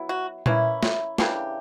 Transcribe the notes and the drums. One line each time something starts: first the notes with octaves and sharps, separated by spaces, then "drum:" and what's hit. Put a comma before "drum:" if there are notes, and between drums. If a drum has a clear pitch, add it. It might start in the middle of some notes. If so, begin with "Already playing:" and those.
Already playing: F#3 B3 E4
F#4
E3 A#3 C#4 E4, drum: tom A#2
drum: snare
C#3 E3 A#3 D4 G4, drum: snare